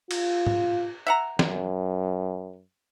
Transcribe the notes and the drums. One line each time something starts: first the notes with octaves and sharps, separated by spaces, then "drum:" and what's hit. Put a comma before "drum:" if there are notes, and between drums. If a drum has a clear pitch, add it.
F4, drum: cymbal
drum: tom
E5 F#5 A#5
F#2, drum: snare